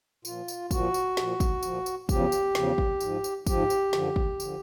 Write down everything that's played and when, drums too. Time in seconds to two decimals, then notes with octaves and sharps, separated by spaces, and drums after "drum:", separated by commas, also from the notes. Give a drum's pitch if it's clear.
0.25 A#2 F3 F4, drum: tambourine
0.48 drum: tambourine
0.71 A#2 F3 F#4, drum: kick, tambourine
0.94 drum: tambourine
1.17 A#2 F3, drum: snare
1.40 drum: kick, tambourine
1.63 A#2 F3, drum: tambourine
1.86 drum: tambourine
2.09 E2 C#3 F3 G4, drum: kick, tambourine
2.32 drum: tambourine
2.55 E2 C#3 F3, drum: snare
2.78 drum: kick
3.01 G#2 F3, drum: tambourine
3.24 drum: tambourine
3.47 G#2 F3 G4, drum: kick, tambourine
3.70 drum: tambourine
3.93 F#2 D3 F3, drum: snare
4.16 drum: kick
4.40 D3 F3, drum: tambourine